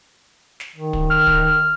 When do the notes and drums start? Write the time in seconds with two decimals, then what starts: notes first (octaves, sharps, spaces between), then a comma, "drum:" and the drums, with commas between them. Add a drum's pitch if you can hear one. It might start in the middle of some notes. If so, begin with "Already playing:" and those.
0.60 drum: snare
0.76 D#3
0.93 drum: kick
1.10 F6
1.27 drum: kick